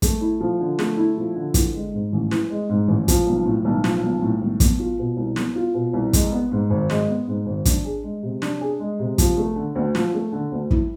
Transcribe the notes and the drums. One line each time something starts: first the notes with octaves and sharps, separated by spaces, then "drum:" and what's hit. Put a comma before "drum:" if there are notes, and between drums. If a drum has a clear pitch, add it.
A3, drum: kick, hi-hat
E4
F3
D3
A3, drum: snare
E4
F3
D3
E3, drum: kick, hi-hat
G#3
G#2
A1
E3, drum: snare
G#3
G#2
A1
F3, drum: kick, hi-hat
B1
A2
B1
F3, drum: snare
B1
A2
B1
B3, drum: kick, hi-hat
F4
B2
C2
B3, drum: snare
F4
B2
C2
G#3, drum: kick, hi-hat
B3
G#2
G#1
G#3, drum: snare
B3
G#2
G#1
D4, drum: kick, hi-hat
G#4
G#3
C3
D4, drum: snare
G#4
G#3
C3
F3, drum: kick, hi-hat
A3
D3
D2
F3, drum: snare
A3
D3
D2
E4, drum: kick